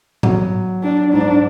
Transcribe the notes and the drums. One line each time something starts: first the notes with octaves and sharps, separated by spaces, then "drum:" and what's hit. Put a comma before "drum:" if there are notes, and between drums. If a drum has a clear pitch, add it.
F#3, drum: tom G#2
D4
G#2 D4